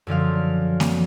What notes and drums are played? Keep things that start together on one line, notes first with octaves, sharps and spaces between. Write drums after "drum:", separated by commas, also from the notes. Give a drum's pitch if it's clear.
F#2 D3 F3 F5
drum: snare A#3